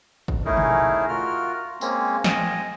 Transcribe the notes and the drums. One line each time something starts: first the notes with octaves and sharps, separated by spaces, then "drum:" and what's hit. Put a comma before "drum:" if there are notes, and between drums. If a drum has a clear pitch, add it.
drum: kick
A3 C#4 D#4 E4 G#4 A#4
drum: tom
F4 F#4 A#4 F6
G#3 A#3 C4 C#4, drum: tambourine
D#5 G5 G#5, drum: snare